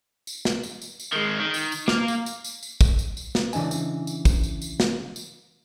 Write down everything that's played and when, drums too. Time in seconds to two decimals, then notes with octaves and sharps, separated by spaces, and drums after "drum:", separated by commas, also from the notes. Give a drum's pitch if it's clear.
0.27 drum: tambourine
0.45 drum: snare
0.63 drum: tambourine
0.82 drum: tambourine
1.00 drum: tambourine
1.13 D#3 G#3
1.40 D#3
1.54 drum: tambourine
1.72 drum: tambourine
1.88 A#3 F5, drum: snare
2.08 drum: tambourine
2.26 drum: tambourine
2.44 drum: tambourine
2.63 drum: tambourine
2.81 drum: kick, tambourine
2.99 drum: tambourine
3.17 drum: tambourine
3.35 drum: snare
3.53 C#3 E3 D4 D#5 G#5, drum: tambourine
3.71 drum: tambourine
4.07 drum: tambourine
4.25 drum: kick, tambourine
4.43 drum: tambourine
4.62 drum: tambourine
4.80 drum: snare
5.16 drum: tambourine